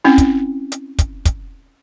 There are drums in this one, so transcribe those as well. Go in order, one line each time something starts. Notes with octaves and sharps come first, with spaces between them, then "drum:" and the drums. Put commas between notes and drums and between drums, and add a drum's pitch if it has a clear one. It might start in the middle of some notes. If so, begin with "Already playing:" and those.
C4 C#4 E4
drum: kick, hi-hat
drum: hi-hat
drum: kick, hi-hat
drum: kick, hi-hat